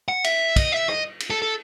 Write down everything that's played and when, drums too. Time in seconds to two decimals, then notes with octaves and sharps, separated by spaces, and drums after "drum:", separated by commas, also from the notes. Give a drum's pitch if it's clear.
0.08 F#5
0.24 E5, drum: cymbal
0.56 D#5, drum: kick, cymbal
0.72 E5
0.88 D#5, drum: rim click
1.20 drum: cymbal
1.30 A4
1.42 A4